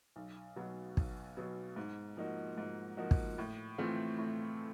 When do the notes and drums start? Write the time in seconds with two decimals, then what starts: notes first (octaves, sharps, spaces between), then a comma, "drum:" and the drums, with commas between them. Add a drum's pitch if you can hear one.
0.16 B1
0.56 B2 F#3 B3
0.97 B1, drum: kick
1.37 B2 F#3 B3
1.76 G#2
2.17 F3 A#3 D#4 F#4
2.58 G#2
2.97 F3 A#3 D#4 F#4
3.11 drum: kick
3.38 A2
3.78 E3 A3 C4 F4
4.18 A2